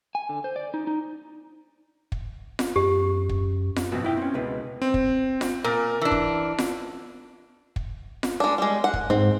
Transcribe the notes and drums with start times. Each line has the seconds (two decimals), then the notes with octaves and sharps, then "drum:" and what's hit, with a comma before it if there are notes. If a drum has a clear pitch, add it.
0.15 G#5
0.29 D3
0.44 C5
0.56 D5
0.74 D#4
0.87 D#4
2.12 drum: kick
2.59 drum: snare F4
2.76 F#2 G4
3.29 drum: kick
3.76 drum: snare F4
3.92 G#2 B2 F3 B3 C4 F#4
4.04 E4 G5
4.17 C4 C#4
4.34 C#2 B2 G#3 B4
4.82 C4
4.94 drum: kick
5.41 drum: snare F4
5.64 A#2 A#4
6.02 E3 D4
6.11 drum: kick
6.58 drum: snare F4
7.76 drum: kick
8.23 drum: snare F4
8.40 G#3 D4
8.58 G3 G#3
8.84 F#5
8.94 drum: kick
9.10 G#2 C4